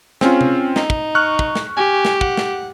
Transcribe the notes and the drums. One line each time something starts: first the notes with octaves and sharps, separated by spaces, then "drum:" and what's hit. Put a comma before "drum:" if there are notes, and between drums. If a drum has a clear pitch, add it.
C4 C#4 F4 G#4, drum: snare
drum: tom C3
D#4, drum: snare
drum: kick
C#6 F6 F#6
drum: kick
drum: snare
G4 G#5
drum: snare
F#5, drum: kick
drum: snare